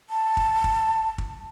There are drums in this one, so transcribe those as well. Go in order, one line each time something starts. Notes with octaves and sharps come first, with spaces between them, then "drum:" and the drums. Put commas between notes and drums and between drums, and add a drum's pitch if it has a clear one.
A5
drum: kick
drum: kick
drum: kick